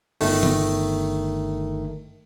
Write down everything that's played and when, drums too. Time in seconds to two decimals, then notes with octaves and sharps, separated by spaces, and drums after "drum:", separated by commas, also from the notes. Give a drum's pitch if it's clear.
0.21 G1 D#3 A3, drum: open hi-hat
0.43 drum: tom D#3